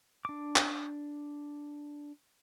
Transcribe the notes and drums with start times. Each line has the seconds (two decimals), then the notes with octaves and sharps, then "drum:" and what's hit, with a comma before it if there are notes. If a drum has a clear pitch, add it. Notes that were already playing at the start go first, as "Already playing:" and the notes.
0.25 D4 D6
0.56 drum: clap